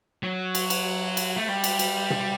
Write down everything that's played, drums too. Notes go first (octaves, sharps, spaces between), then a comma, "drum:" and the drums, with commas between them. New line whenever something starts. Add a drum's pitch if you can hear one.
F#3
drum: cymbal
drum: cymbal
drum: cymbal
A3
G3
drum: cymbal
drum: cymbal
drum: tom